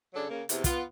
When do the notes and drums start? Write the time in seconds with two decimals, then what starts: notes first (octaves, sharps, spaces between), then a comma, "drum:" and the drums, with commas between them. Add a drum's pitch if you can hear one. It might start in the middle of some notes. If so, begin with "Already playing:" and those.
0.14 C#3 F#3 D4 A4
0.28 C#3 A#3
0.49 E2 C3, drum: hi-hat
0.64 B3 F4, drum: kick, hi-hat